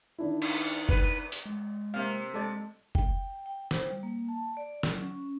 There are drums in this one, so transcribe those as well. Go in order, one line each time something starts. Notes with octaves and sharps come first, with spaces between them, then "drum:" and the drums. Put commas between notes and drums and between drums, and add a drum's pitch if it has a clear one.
D#3 D4 E4
drum: cymbal
B4, drum: kick F1
drum: hi-hat
G#3
C3 A#3 F5
G#3 A4 D5 D#5
G5, drum: kick F1
G5
C5, drum: snare
G3
A#3
A5
D5
F#3, drum: snare
C#4